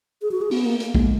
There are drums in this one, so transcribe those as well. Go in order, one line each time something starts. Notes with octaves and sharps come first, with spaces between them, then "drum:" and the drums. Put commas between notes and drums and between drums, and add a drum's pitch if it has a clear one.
G#4
F#4
G#4
B3, drum: open hi-hat
A#3
A#3, drum: hi-hat
G#3, drum: kick